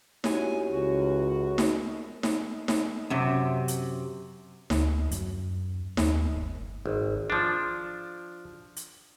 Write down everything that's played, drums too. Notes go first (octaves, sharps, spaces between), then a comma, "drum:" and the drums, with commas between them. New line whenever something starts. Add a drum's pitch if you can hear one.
F#2 E4 G4 G#5, drum: snare D#4
C#2 F#4
drum: snare D#4
drum: snare D#4
drum: snare D#4
F#2 C3
drum: hi-hat
D2, drum: snare D#4
F#2, drum: hi-hat
D#2, drum: snare D#4
G1
G#1
F3 D4
drum: hi-hat